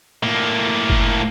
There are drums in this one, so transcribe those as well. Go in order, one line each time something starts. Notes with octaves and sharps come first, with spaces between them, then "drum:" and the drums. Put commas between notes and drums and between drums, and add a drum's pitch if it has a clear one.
A2 A#3
drum: kick